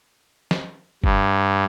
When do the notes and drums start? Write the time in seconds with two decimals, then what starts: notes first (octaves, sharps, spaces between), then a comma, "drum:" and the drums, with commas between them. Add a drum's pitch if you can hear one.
0.51 drum: snare
1.04 G2, drum: kick